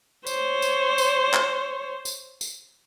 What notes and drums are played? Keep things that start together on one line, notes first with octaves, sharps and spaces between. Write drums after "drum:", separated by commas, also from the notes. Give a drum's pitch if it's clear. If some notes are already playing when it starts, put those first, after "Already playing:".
C5 C#5, drum: tambourine
drum: tambourine
drum: tambourine
drum: clap
drum: tambourine
drum: tambourine